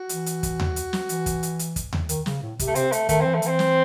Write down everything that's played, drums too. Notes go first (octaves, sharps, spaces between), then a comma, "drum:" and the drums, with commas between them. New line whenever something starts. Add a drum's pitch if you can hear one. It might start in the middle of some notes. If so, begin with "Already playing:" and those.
Already playing: F#4
E3, drum: hi-hat
drum: hi-hat
drum: kick, hi-hat
drum: tom D#2
drum: hi-hat
drum: snare
E3, drum: hi-hat
drum: kick, hi-hat
drum: hi-hat
drum: hi-hat
drum: kick, hi-hat
drum: tom D#2
D#3, drum: hi-hat
C#3, drum: snare
A2
C3, drum: kick, hi-hat
A3
C3 C4, drum: hi-hat
A3, drum: hi-hat
D#3 A3, drum: kick, hi-hat
E3 C4
A3
E3 C4, drum: hi-hat
drum: snare